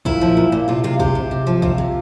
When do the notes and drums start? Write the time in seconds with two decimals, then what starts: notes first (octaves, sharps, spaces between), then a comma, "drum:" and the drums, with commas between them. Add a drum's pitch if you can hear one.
0.05 A#2 E4, drum: kick
0.21 F3
0.37 A#2
0.52 A#2
0.68 C3 F4
0.84 C3 F4
0.99 C3 G4, drum: kick
1.15 C3
1.31 C3
1.47 F3
1.62 C3 F4, drum: kick
1.78 C3